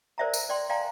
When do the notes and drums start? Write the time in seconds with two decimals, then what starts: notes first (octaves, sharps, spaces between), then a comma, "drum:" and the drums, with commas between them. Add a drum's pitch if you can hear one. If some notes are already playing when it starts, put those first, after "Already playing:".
0.18 A#4 C5 D5 E5 G5 A#5
0.34 drum: tambourine
0.49 D5 G5 C6
0.69 D5 F5 G5 G#5 A#5